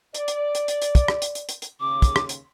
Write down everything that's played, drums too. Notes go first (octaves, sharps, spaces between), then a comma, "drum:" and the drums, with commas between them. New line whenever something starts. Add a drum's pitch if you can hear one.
D5, drum: hi-hat
drum: hi-hat
drum: hi-hat
drum: hi-hat
drum: hi-hat
drum: kick, hi-hat
drum: rim click
drum: hi-hat
drum: hi-hat
drum: hi-hat
drum: hi-hat
D#2 C#3 D6
drum: kick, hi-hat
drum: rim click
drum: hi-hat